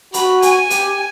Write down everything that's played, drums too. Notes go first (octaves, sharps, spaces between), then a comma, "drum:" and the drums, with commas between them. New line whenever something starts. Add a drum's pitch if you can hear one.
F#4 B5, drum: hi-hat
G#5, drum: hi-hat
G4, drum: hi-hat